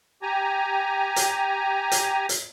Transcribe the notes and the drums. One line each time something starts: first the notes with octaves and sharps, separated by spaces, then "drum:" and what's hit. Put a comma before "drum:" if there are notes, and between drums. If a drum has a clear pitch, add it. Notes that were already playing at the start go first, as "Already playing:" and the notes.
G4 G#5 A#5
drum: hi-hat
drum: hi-hat
drum: hi-hat